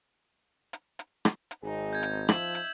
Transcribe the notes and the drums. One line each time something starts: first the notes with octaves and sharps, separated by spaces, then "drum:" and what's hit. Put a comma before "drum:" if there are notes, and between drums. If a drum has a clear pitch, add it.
drum: hi-hat
drum: hi-hat
drum: rim click
drum: hi-hat
G#1 C4 D#4 G#4
G6 G#6
drum: hi-hat
F3 E5 F#7, drum: rim click
drum: hi-hat